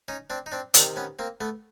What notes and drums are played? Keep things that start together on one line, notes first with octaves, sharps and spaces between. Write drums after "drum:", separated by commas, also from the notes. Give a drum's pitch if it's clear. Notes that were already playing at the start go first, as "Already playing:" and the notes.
C#4 D#4
C4 D4
D#4
C4 D4
C3 D#3 C4 D4, drum: hi-hat
B3 C#4
A#3 C4
A3 B3